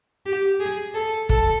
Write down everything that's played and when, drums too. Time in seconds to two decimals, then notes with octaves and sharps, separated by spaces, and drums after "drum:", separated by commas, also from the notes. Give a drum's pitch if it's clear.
0.26 G4
0.60 G#4
0.94 A4
1.29 A4, drum: kick